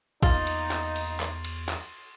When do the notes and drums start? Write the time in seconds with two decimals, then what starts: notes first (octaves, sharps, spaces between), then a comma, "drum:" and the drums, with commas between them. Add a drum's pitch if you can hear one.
0.23 E2 A#3 D#4 F4 D#5 F5 C6 A6, drum: kick, cymbal
0.47 drum: cymbal
0.71 drum: clap
0.96 drum: cymbal
1.20 drum: clap
1.44 drum: cymbal
1.69 drum: clap